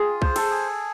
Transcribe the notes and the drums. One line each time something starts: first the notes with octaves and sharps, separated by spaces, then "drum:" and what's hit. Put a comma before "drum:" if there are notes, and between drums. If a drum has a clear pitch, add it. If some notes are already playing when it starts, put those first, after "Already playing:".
Already playing: F4 G#4
C5, drum: kick C2
A4, drum: cymbal
G#4